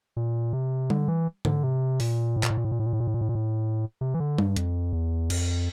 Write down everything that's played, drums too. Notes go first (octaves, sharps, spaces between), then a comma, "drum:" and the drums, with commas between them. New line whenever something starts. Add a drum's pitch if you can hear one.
A#2
C3
D3, drum: tom G3
E3
D3, drum: tom
C3
A#2, drum: open hi-hat
A2
A#2, drum: clap
A2
A#2
A2
A#2
A2
A#2
A2
A#2
A2
A#2
A2
A#2
A2
C3
E3
D3
G2, drum: tom G3
F2, drum: hi-hat
E2
F2, drum: cymbal